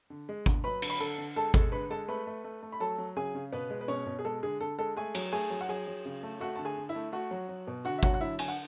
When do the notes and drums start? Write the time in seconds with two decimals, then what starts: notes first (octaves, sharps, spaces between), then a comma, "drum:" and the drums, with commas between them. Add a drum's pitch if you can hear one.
0.10 D3
0.29 G#3
0.46 D3, drum: kick G#1
0.64 F#3 B4 B5
0.82 D3, drum: cymbal
0.90 B5
1.00 D3 A4 A5
1.18 D3
1.36 G#3 A4 A5
1.54 G#3 A4 A5, drum: kick G#1
1.72 D3 B4 B5
1.90 G#3 A4 A5
2.08 A3 B4 B5
2.27 A3
2.44 A3
2.62 A3
2.72 B5
2.80 F#3 A4 A5
2.98 F#3
3.17 C#3 G#4 G#5
3.35 C#3
3.52 B2 B3 B4
3.70 G#3
3.81 B4
3.88 B2 C#4 C#5
4.06 B2
4.19 G#4
4.25 G#3 A4
4.43 D3 G#4
4.60 D3 A4
4.78 G#3 A4
4.97 A3 G#4 G#5
5.15 F#3, drum: cymbal
5.33 A3 G#4 G#5
5.50 F#3
5.61 F#5
5.69 F#3 G#4 G#5
5.87 F#3
6.05 C#3
6.23 A3
6.40 A3 F#4 F#5
6.55 D3 A5
6.65 G#4 G#5
6.77 D3
6.89 E4 E5
6.95 A3
7.12 A3 F#4 F#5
7.31 F#3
7.49 F#3
7.67 B2
7.85 D3 F#4 F#5
7.98 E5
8.03 F#3 F#4 F#5, drum: kick G#1
8.14 F#5
8.21 D3 E4 E5
8.39 D3 G#5, drum: cymbal
8.48 F#5